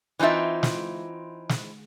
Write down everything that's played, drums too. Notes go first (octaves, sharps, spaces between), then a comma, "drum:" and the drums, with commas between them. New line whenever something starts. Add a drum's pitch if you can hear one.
E3 C4 D#4 F4 E5
drum: snare
drum: snare